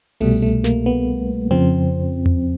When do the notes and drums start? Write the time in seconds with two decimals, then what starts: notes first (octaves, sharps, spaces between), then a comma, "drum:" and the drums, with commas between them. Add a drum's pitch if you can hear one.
0.21 C2 B2 G3 A3, drum: open hi-hat
0.42 A3
0.64 A#3, drum: snare
0.86 B3
1.51 F2 C#3 F3 C4
2.26 drum: tom E2